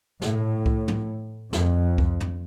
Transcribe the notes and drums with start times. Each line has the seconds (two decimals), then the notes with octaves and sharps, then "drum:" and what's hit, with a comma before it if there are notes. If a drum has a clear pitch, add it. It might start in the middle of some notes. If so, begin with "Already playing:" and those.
0.22 A2, drum: snare
0.66 drum: kick C2
0.88 drum: tom
1.53 F2, drum: snare
1.98 drum: kick C2
2.20 drum: tom